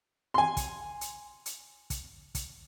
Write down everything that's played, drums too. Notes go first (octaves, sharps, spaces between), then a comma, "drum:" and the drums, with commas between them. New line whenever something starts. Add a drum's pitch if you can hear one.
G#5 C6
drum: kick, hi-hat
drum: hi-hat
drum: hi-hat
drum: kick, hi-hat
drum: kick, hi-hat